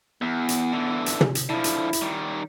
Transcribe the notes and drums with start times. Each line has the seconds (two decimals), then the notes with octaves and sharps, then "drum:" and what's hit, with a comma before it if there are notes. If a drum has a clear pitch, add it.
0.22 E2 B3
0.49 drum: hi-hat
0.72 D3 E3
1.06 drum: hi-hat
1.21 drum: tom
1.35 drum: hi-hat
1.50 D3 F3 E4
1.64 drum: hi-hat
1.93 drum: hi-hat
2.02 D#3 G3